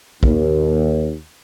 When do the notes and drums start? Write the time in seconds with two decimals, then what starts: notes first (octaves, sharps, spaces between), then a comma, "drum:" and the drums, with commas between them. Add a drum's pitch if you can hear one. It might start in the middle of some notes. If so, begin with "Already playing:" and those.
0.23 D#2, drum: kick